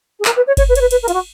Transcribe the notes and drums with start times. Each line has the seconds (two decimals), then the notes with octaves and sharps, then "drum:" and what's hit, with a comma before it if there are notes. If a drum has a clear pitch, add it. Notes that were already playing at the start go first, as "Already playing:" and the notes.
0.19 G#4
0.25 A#4, drum: clap
0.36 B4
0.47 C#5
0.57 C#5, drum: kick G1, cymbal
0.68 B4
0.75 C#5, drum: cymbal
0.80 B4
0.91 B4, drum: cymbal
1.02 A#4
1.08 F4, drum: cymbal
1.13 F#4